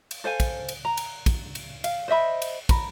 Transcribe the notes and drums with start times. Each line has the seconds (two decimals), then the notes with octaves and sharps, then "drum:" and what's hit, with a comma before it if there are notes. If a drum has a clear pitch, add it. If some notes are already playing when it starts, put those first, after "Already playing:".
0.11 drum: cymbal
0.24 A4 C5 F5 G#5
0.40 drum: kick, cymbal
0.69 drum: cymbal
0.85 A#5
0.97 drum: cymbal
1.26 drum: kick, cymbal
1.55 drum: cymbal
1.84 F5, drum: cymbal
2.08 C5 D#5 E5 B5
2.42 drum: cymbal
2.69 A#5 B5, drum: kick, cymbal